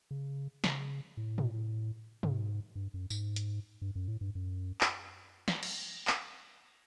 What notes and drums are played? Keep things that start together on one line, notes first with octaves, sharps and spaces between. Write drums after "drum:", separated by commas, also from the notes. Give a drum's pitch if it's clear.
C#3
C#3, drum: snare
A2
drum: tom
G#2, drum: tom
G2
F#2
G#2, drum: tambourine
drum: hi-hat
G2
F#2
A2
G2
F#2
drum: clap
drum: snare
drum: cymbal
drum: clap